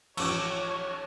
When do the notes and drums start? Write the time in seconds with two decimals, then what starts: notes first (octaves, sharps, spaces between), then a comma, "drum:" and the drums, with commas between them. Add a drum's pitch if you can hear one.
0.17 A1 F3 C#5 C#6 D6 E6, drum: cymbal